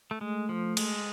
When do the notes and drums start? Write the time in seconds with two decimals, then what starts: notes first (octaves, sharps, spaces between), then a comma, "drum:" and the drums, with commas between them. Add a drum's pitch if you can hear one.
0.11 A3
0.21 G#3 A3
0.49 F3
0.77 G#3, drum: cymbal